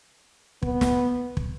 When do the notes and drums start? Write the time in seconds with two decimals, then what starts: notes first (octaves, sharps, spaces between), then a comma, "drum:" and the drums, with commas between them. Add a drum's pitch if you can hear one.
0.63 B3, drum: kick
0.81 drum: snare
1.37 drum: kick